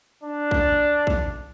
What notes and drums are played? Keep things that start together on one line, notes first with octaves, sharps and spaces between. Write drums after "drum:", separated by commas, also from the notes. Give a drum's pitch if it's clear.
D4
drum: kick
drum: kick